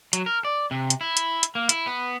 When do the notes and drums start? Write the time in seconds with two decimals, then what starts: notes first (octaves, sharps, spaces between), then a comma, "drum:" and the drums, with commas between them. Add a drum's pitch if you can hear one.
0.13 F#3, drum: hi-hat
0.26 A#4
0.45 D5
0.71 C3
0.90 drum: hi-hat
1.01 E4
1.17 drum: hi-hat
1.43 drum: hi-hat
1.55 A#3
1.69 E4, drum: hi-hat
1.87 B3